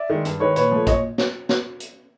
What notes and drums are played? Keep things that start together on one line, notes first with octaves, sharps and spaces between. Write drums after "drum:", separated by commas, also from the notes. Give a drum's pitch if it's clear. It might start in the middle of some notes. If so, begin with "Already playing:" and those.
Already playing: D5 E5
D#3 G#3
G2, drum: hi-hat
D#3 G#3 B4 C#5
A#2 B4 C#5, drum: hi-hat
F3 A3
A#2 C#5 D#5, drum: kick A1, hi-hat
drum: snare
drum: snare
drum: hi-hat